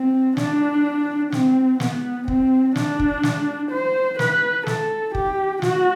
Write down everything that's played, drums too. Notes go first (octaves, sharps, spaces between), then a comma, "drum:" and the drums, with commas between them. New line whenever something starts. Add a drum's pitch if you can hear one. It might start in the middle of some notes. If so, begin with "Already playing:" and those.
Already playing: C4
D4, drum: snare
C4, drum: snare
B3, drum: snare
C4, drum: kick
D4, drum: snare
drum: kick
drum: snare
C5
B4, drum: snare
A4, drum: snare
G4, drum: kick
F#4, drum: snare